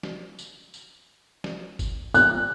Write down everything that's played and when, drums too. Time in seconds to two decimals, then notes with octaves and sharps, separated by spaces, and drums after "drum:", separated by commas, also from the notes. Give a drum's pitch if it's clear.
0.03 drum: snare
0.39 drum: tambourine
0.74 drum: tambourine
1.44 drum: snare
1.79 drum: kick G1, tambourine
2.14 F#6, drum: tambourine